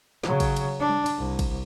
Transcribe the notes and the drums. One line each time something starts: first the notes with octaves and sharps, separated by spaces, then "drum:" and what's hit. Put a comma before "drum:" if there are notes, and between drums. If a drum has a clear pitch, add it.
C#3 F#3, drum: snare
drum: kick, cymbal
drum: cymbal
D4
drum: tom G3
drum: cymbal
C2
drum: kick, cymbal